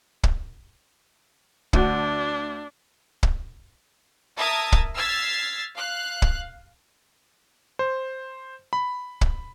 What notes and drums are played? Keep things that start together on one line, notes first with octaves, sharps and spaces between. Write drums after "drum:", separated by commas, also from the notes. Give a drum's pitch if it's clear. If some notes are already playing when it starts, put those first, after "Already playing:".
drum: kick
D2 D4 F#4, drum: kick
drum: kick
A#4 E5 A5 D#6 G#6 A6
drum: kick
E6 F6 G#6 A6 B6 C7
F5 F#6
drum: kick
C5
B5
drum: kick